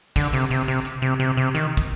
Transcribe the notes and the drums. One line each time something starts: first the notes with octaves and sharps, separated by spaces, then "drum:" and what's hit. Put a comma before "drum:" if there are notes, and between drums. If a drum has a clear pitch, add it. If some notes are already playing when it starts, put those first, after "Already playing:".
D3, drum: kick, open hi-hat
C3
C3
C3
drum: hi-hat
C3
C3
C3
D#3, drum: hi-hat
drum: kick